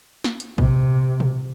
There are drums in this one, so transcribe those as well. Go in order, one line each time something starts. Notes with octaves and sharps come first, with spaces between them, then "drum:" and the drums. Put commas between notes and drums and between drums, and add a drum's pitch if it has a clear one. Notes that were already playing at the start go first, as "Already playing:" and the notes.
drum: snare
drum: hi-hat
C3, drum: kick
drum: tom